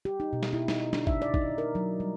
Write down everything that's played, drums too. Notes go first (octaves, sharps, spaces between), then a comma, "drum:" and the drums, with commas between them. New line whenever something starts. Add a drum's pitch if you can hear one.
G4
D#4
B2
drum: snare
E4
D#4, drum: snare
D4, drum: snare
E5, drum: kick
D5
D#4, drum: kick
A#4
F#3
G3